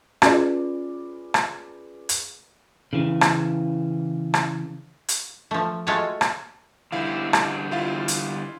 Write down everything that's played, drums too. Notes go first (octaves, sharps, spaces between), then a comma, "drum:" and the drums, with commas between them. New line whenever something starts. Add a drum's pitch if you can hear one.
C#4 F4 G#4 B4 D5, drum: rim click
drum: rim click
drum: hi-hat
C#3 E3
drum: rim click
drum: rim click
drum: hi-hat
F3 A3
G#3 A3 F4 F#4 C#5 A5
drum: rim click
D3 G3 C4 E4 F5
drum: rim click
E4 F4 F5
drum: hi-hat